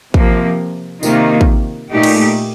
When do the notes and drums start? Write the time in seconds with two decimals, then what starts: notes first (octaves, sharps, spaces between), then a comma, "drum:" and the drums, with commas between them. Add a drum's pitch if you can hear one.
0.14 C3 F3 A#3, drum: kick
1.03 C3 D#3 A#3 F4, drum: tambourine
1.41 drum: kick
1.91 A#2 A3 D#4 G4
2.03 drum: cymbal